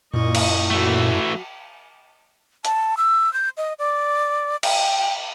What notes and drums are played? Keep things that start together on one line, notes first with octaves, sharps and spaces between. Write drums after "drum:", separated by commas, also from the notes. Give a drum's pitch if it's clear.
F#2 A#2 E4 D#5 C#6
drum: cymbal
E3 A3 F#4
A5, drum: hi-hat
E6
G6
D#5
D5
G5, drum: cymbal